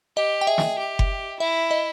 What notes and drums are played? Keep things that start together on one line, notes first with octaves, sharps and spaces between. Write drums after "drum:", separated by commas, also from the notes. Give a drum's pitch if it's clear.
G4 D#5
G5
G#4 E5
drum: snare
G4
drum: kick F#1
E4 E5
D#5